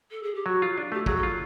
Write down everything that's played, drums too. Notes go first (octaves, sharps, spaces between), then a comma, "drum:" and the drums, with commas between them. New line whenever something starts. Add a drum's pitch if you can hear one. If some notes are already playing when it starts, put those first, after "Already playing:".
A4
G#4
G4
F#3 F#4
F4
D4
A3 G4
F#3 G#4, drum: kick
A4
F4